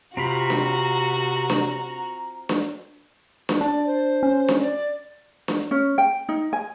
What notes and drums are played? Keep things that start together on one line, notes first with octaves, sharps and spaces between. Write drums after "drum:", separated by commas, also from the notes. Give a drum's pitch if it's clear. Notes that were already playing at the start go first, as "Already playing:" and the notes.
C3 C4 F4 F#4 A#5 B5
drum: snare D4
drum: snare D4
drum: snare D4
drum: snare D4
D4 D5
C5
C#4
drum: snare D4
D5
drum: snare D4
C#4
G5
D#4
G#5